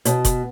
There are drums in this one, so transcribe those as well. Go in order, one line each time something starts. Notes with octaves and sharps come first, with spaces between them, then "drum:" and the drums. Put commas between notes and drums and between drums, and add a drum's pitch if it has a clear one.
B2, drum: hi-hat
drum: kick F1, hi-hat